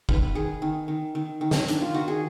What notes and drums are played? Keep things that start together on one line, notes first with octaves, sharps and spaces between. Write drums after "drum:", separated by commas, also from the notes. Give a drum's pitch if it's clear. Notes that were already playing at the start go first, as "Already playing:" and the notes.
D#3 B4, drum: kick
D#3 G#4
D#3
D#3
D#3
D#3
drum: snare
D#3 D4, drum: hi-hat
F4
D#3 F#4
G#4